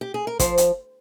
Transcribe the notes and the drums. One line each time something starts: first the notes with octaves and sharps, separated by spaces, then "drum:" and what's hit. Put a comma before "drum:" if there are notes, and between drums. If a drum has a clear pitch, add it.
G4
G#4
A#4
F3 C5, drum: kick, hi-hat
drum: hi-hat